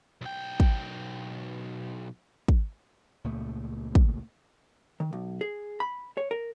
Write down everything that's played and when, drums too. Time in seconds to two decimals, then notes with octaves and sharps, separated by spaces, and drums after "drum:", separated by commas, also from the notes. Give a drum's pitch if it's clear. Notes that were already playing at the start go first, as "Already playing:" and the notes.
0.21 B1 G5
0.60 drum: kick
2.48 drum: kick
3.24 C#2 A#2 A3
3.95 drum: kick
5.00 D#3
5.13 B1
5.41 G#4
5.80 B5
6.17 C#5
6.31 A#4